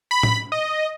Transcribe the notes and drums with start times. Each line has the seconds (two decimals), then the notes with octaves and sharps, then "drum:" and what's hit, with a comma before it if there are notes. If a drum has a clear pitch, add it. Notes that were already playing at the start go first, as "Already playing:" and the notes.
0.11 B5
0.23 drum: tom A2
0.52 D#5